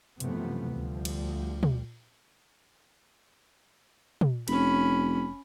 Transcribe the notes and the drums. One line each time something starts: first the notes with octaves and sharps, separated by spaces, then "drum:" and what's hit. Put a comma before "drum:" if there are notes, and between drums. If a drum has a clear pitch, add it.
F#2 C3 E3 F3 A3 B3, drum: hi-hat
D2 F3 G3
drum: cymbal
drum: tom
drum: tom
F1 C#4 B5, drum: cymbal